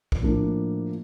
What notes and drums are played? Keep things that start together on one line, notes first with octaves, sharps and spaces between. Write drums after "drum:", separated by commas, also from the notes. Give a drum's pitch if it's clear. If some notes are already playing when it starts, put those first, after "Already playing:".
drum: kick
A2 F3 A#3 D4